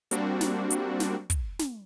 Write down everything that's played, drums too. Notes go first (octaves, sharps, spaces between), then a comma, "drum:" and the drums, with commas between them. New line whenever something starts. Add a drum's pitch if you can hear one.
G3 A#3 C4 D4 F#4, drum: hi-hat
drum: snare
drum: hi-hat
drum: snare
drum: kick, hi-hat
drum: snare